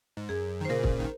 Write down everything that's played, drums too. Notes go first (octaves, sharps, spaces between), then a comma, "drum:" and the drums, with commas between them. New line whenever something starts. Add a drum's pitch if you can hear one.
G#2
F#2 G#4
D#3
C5
A#2 C#3 A#4
drum: kick
D#3